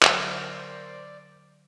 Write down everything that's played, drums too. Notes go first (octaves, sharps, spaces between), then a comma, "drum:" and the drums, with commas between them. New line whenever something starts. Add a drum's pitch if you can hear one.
A#2 D3 F#3 A#4 C5 D5 E5, drum: clap